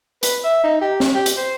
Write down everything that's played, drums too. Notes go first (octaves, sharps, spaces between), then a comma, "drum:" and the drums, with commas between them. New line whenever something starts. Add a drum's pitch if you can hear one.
B4, drum: hi-hat
E5
D#4
G4
drum: snare
G4
drum: hi-hat
C5